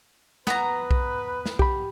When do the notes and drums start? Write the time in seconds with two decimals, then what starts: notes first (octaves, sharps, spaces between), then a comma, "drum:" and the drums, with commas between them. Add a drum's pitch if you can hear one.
0.47 B3 B4 A#5, drum: snare
0.91 drum: kick B1
1.46 drum: snare
1.59 G4 B5, drum: kick B1